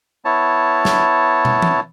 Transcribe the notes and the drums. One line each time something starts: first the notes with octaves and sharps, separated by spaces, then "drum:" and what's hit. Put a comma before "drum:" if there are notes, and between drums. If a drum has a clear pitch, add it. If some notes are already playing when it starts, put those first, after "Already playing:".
B3 E4 C#5 A5
drum: snare
drum: tom
drum: tom E3